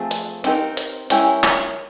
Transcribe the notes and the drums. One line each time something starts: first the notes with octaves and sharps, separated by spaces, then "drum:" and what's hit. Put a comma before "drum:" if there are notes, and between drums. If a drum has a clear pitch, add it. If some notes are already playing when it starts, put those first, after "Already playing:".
Already playing: F3 A3 C4 G#4
drum: hi-hat
C4 D#4 G4 A#4, drum: hi-hat
drum: hi-hat
G#3 C#4 E4 G4 A#4, drum: hi-hat
drum: clap